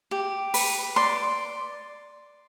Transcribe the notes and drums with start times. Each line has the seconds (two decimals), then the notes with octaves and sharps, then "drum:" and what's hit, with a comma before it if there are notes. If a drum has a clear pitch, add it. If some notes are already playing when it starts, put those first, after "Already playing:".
0.11 G4
0.54 B4, drum: open hi-hat
0.96 D5 C6